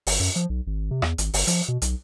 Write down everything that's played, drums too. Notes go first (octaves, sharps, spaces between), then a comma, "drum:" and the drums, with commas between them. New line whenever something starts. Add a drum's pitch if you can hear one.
G1, drum: open hi-hat
F#2
F3
B1
G#1
C3
E2, drum: rim click
G#1, drum: hi-hat
G1, drum: open hi-hat
F3, drum: hi-hat
B2
B1, drum: hi-hat